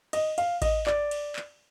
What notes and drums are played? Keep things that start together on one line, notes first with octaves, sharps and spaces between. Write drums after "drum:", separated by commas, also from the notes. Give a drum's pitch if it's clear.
D#5, drum: cymbal
F5, drum: cymbal
D#5, drum: kick A1, cymbal
D5, drum: clap
drum: cymbal
drum: clap